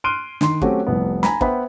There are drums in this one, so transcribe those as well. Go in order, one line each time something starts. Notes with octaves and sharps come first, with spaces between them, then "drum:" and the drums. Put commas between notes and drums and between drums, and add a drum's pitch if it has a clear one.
C6 F6 F#6 D7 D#7 G7
D#3 C6, drum: snare
F#3 A3 C4 C#4 F#4 G4, drum: kick
F1 C2 B3
G#5 A#5 B5, drum: snare
B3 B4 C5 E5 G5 B5, drum: kick